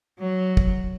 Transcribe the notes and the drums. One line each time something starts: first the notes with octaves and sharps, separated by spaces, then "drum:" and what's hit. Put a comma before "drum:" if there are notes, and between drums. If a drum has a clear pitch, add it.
F#3
drum: kick